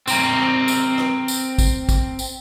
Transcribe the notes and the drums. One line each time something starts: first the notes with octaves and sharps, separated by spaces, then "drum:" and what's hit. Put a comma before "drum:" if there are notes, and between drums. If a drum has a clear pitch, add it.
C4 A#4, drum: tambourine
drum: tambourine
drum: rim click
drum: tambourine
drum: kick A1, tambourine
drum: kick A1, tambourine
drum: tambourine